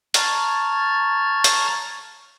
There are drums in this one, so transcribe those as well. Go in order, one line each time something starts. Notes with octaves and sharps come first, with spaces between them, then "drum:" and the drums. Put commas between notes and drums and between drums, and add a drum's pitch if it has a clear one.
A5 A#5 C#6 F6 G#6 A6, drum: hi-hat
drum: hi-hat